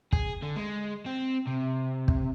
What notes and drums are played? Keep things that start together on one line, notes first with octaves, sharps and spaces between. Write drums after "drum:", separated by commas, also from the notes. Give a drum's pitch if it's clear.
G#4, drum: kick
D3
G#3
C4
C3
drum: kick